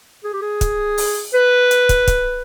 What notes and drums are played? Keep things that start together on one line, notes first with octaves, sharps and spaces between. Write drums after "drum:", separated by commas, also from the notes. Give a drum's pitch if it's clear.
G#4
G4
G#4
drum: kick, hi-hat
drum: open hi-hat
B4
drum: hi-hat
drum: kick, hi-hat
drum: kick, hi-hat